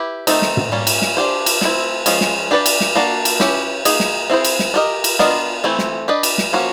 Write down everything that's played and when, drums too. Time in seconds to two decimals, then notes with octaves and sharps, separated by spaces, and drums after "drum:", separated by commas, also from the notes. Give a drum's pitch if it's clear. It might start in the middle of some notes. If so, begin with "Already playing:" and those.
Already playing: E4 G4 B4
0.27 D#3 F#3 A3 C4 D#4, drum: cymbal
0.42 drum: snare
0.57 drum: tom
0.72 G3 A#3 C#4
0.87 drum: cymbal
1.02 drum: snare
1.17 D4 G4 C5
1.46 drum: cymbal
1.61 A3 C4 E4, drum: snare
2.06 F3 G#3 C#4, drum: cymbal
2.21 drum: snare
2.51 D4 G4 B4 D5
2.66 drum: cymbal
2.81 drum: snare
2.95 A#3 D4 F#4
3.25 drum: cymbal
3.40 C#4 E4 G4 B4, drum: snare
3.85 A#3 D#4 G#4, drum: cymbal
4.00 drum: snare
4.30 C4 E4 G#4 C5
4.44 drum: cymbal
4.59 drum: snare
4.74 D4 G4 A#4 D#5
5.04 drum: cymbal
5.19 B3 D4 F4 A#4 D#5, drum: snare
5.64 E3 A3 C4 E4
5.79 drum: snare
6.08 D4 G4 B4 D#5
6.23 drum: cymbal
6.38 drum: snare
6.53 F3 A#3 C#4 F#4